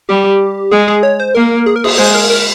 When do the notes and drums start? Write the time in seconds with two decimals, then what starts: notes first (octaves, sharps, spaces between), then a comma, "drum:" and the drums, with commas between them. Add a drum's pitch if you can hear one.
0.09 G3 G4
0.72 G#3 G#4
0.88 G#4
1.03 C#5
1.20 C5
1.35 A#3 A#4
1.66 G#4
1.76 A#4
1.84 G#4, drum: cymbal
1.98 G#3 C5
2.14 A#4
2.30 A#4